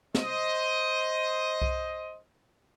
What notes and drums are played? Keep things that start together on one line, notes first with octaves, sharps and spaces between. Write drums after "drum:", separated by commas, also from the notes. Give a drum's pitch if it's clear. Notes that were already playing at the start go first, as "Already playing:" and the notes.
C5 D#5, drum: snare
drum: kick C2